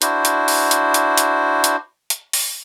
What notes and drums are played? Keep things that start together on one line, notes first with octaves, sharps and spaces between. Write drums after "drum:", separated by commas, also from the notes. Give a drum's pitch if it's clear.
D4 E4 F#4 C5, drum: hi-hat
drum: hi-hat
drum: open hi-hat
drum: hi-hat
drum: hi-hat
drum: hi-hat
drum: hi-hat
drum: hi-hat
drum: open hi-hat